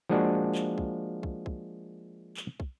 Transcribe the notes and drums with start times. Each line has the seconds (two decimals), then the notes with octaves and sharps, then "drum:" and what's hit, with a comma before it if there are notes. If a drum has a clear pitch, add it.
0.09 F3 G#3 A#3 D4 F#4
0.55 drum: clap
0.78 drum: kick
1.23 drum: kick
1.46 drum: kick
2.37 drum: clap
2.60 drum: kick